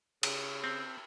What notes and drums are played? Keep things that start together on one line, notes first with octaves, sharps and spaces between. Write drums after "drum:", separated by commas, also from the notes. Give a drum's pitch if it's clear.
C#3, drum: cymbal
C4